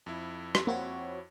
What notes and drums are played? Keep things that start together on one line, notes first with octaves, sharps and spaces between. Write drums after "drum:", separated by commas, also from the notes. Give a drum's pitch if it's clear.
F2 E4
drum: rim click
A#3 C4 F#4 C#5